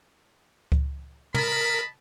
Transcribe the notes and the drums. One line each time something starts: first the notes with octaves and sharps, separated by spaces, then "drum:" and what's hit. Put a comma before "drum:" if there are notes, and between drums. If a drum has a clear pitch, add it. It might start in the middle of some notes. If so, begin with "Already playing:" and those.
drum: kick C#2
A#4 D#5 A5 B5, drum: tom